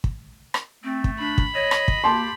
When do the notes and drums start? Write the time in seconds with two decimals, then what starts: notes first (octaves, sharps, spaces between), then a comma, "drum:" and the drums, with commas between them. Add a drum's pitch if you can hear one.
0.04 drum: kick
0.54 drum: rim click
0.84 A3 C4
1.04 drum: kick
1.19 D4 B5
1.38 drum: kick
1.54 C#5 D#5
1.71 drum: rim click
1.88 drum: kick
2.04 A#3 G4 A5 C6